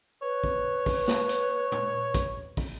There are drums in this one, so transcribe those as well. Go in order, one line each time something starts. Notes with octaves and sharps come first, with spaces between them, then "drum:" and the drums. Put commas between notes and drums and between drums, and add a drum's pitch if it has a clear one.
B4 C#5
drum: kick
drum: kick, open hi-hat
drum: snare
drum: hi-hat
drum: tom A#2
drum: kick, hi-hat
drum: kick, open hi-hat